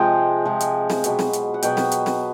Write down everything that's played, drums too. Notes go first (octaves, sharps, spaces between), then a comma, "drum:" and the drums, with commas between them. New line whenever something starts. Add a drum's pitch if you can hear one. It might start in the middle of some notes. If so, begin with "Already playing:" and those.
Already playing: C3 F3 G#3 C4 G5
C3 F3 G#3 C4
drum: hi-hat
drum: snare
B2 F#3 B3, drum: hi-hat
drum: snare
drum: hi-hat
F#5
B2 F#3 B3 G5, drum: hi-hat
drum: snare
drum: hi-hat
drum: snare